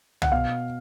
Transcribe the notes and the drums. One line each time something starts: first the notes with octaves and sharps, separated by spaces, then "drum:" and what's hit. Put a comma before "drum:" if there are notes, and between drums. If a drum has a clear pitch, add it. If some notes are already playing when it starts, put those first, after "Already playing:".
F#5, drum: tom
B2 F5